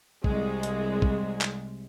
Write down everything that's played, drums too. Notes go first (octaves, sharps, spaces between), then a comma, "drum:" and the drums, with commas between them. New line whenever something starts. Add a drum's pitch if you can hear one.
C2 G#3, drum: kick
drum: hi-hat
drum: kick
drum: clap